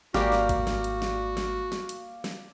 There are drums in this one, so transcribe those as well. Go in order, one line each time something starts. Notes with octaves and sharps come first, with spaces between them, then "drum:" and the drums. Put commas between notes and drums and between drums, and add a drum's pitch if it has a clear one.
G#1 A#3 F#4 G4 D5 F5, drum: snare
drum: snare
drum: kick G#1, hi-hat
drum: snare
drum: hi-hat
drum: snare
drum: snare
drum: snare
drum: hi-hat
drum: snare